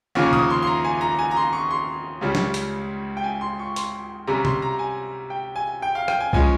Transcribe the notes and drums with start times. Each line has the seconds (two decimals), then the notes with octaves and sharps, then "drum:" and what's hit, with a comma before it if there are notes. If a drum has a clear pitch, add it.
0.15 D#2 C#3 F3 A#3 C#4 C#6
0.33 D#6, drum: tom
0.50 C6
0.62 C6
0.67 A#5
0.84 G#5
1.01 A#5
1.19 G#5
1.31 A#5
1.36 C6
1.53 C#6
1.71 C6
2.21 C#2 C#3 G3 C#4
2.35 drum: snare
2.54 drum: hi-hat
3.17 G5
3.24 G#5
3.41 C6
3.59 C#6
3.76 C6, drum: hi-hat
4.27 C3 G3 C#4 A#5
4.45 C6, drum: tom
4.62 A#5
4.79 G#5
5.30 G5
5.56 G#5
5.82 G5
5.95 F5
6.08 G5, drum: rim click
6.20 G#5
6.33 F3 G#3 C#4 G#5, drum: kick C2